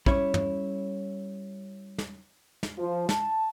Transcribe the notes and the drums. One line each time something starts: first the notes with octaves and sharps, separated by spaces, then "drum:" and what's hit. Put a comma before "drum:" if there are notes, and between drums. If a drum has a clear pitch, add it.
G3 C#4 E4 C#5, drum: kick
drum: tom
drum: snare
drum: snare
F3
A5, drum: snare